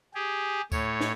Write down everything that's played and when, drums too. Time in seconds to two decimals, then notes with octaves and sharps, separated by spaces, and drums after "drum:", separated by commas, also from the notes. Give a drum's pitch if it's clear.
0.14 G4 G#4
0.72 A2 C#5, drum: kick D2, tambourine
1.01 drum: snare